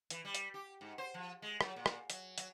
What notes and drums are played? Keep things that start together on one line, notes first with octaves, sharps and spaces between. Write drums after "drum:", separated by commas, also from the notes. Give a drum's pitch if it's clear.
E3, drum: hi-hat
G3
drum: hi-hat
G4
G#2
C5
F3
G#3
F#3, drum: rim click
A#2
drum: rim click
F#3, drum: hi-hat
F#3, drum: hi-hat